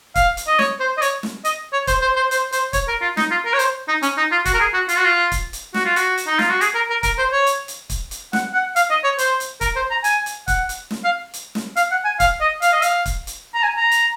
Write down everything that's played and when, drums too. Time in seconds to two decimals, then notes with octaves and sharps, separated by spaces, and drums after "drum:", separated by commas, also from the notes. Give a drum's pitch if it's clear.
0.15 F5, drum: kick, hi-hat
0.37 drum: hi-hat
0.47 D#5
0.59 C#5, drum: snare
0.80 C5
0.98 D#5
1.02 C#5, drum: hi-hat
1.23 drum: snare
1.45 D#5, drum: hi-hat
1.73 C#5
1.87 C5, drum: kick, hi-hat
2.02 C5
2.16 C5
2.31 C5, drum: hi-hat
2.52 C5, drum: hi-hat
2.73 C#5, drum: kick, hi-hat
2.88 A#4
3.02 F4
3.17 D#4, drum: snare
3.31 F4
3.45 A#4
3.53 C#5
3.59 C5, drum: hi-hat
3.88 D#4
4.03 C#4, drum: hi-hat
4.18 D#4
4.32 F4
4.45 F#4, drum: kick, hi-hat
4.54 A#4
4.60 G#4
4.74 F#4
4.89 F4, drum: hi-hat
4.97 F#4
5.05 F4
5.32 drum: kick, hi-hat
5.53 drum: hi-hat
5.74 F#4, drum: snare
5.85 F4
5.96 F#4, drum: hi-hat
6.18 drum: hi-hat
6.27 D#4
6.39 F4, drum: snare
6.50 F#4
6.61 G#4, drum: hi-hat
6.75 A#4
6.90 A#4
7.03 A#4, drum: kick, hi-hat
7.18 C5
7.32 C#5
7.47 drum: hi-hat
7.68 drum: hi-hat
7.90 drum: kick, hi-hat
8.11 drum: hi-hat
8.33 F#5, drum: snare
8.54 F#5
8.76 F5, drum: hi-hat
8.90 D#5
9.04 C#5
9.18 C5, drum: hi-hat
9.40 drum: hi-hat
9.61 A#4, drum: kick, hi-hat
9.76 C5
9.91 A#5
10.04 G#5, drum: hi-hat
10.26 drum: hi-hat
10.48 F#5, drum: kick, hi-hat
10.69 drum: hi-hat
10.91 drum: snare
11.05 F5
11.34 drum: hi-hat
11.55 drum: snare
11.76 F5, drum: hi-hat
11.91 F#5
12.05 G#5
12.20 F5, drum: kick, hi-hat
12.41 D#5
12.62 F5, drum: hi-hat
12.73 D#5
12.82 F5, drum: hi-hat
13.06 drum: kick, hi-hat
13.27 drum: hi-hat
13.54 A#5
13.63 G#5
13.77 A#5
13.92 drum: hi-hat